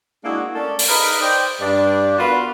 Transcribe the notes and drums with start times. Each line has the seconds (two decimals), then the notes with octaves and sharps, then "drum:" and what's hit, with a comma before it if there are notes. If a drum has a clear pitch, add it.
0.24 G#3 A#3 D4 E4 F#4 G#4
0.55 A3 C#4 A4 A#4 D5
0.79 drum: open hi-hat
0.88 D#4 G#4 A#4 B4
1.20 C5 D5 D#5 G5
1.61 G2 D4 D5
2.19 B3 F4 F#4 A#4 B4